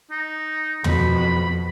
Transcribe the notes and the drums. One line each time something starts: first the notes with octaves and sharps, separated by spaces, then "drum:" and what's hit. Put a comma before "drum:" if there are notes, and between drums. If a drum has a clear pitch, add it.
D#4
F2 B2 B5, drum: tom